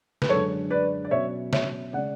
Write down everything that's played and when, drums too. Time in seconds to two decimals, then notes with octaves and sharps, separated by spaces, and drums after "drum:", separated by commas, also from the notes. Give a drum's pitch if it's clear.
0.22 B4, drum: snare
0.29 F#2 D3 G#3 D4 A4 C#5
0.70 B4 D5
1.05 D5
1.11 B2 F#3 C#4 C#5 E5
1.53 C#5 E5, drum: snare
1.93 C#3 G#3 C#4 D5 F#5